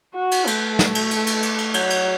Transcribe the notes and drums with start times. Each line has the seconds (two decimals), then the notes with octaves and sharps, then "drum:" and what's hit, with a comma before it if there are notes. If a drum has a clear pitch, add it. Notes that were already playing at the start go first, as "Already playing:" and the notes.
0.15 F#4
0.31 drum: cymbal
0.47 A3, drum: cymbal
0.79 drum: snare
0.95 drum: cymbal
1.11 drum: cymbal
1.27 drum: cymbal
1.43 drum: cymbal
1.58 drum: cymbal
1.74 F#3, drum: cymbal
1.90 drum: cymbal